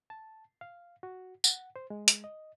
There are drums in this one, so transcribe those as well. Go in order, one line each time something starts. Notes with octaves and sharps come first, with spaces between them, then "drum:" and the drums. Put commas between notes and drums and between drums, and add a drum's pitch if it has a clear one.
A5
F5
F#4
F#5, drum: tambourine
C5
G#3
drum: hi-hat
D#5